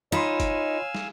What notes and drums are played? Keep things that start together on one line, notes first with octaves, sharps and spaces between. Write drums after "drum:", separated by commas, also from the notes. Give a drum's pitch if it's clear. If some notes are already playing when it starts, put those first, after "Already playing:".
D#4 F4 C#5 F5 G#5 B5 C6 E6
drum: kick F#1, hi-hat
drum: snare